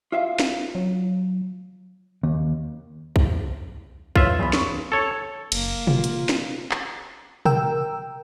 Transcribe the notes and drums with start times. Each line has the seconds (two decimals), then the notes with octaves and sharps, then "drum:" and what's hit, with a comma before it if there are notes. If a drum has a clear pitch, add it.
0.12 F4 E5 F5
0.39 drum: snare
0.75 F#3
2.23 D#2
3.16 drum: kick
4.16 F4 B4 C#5 E5, drum: kick
4.39 E2 B5
4.53 C#6, drum: snare
4.92 A4 C#5
5.52 F#1 A#3, drum: cymbal
5.87 F4, drum: tom
6.04 drum: hi-hat
6.29 drum: snare
6.71 drum: clap
7.45 A#4 G5 E6, drum: tom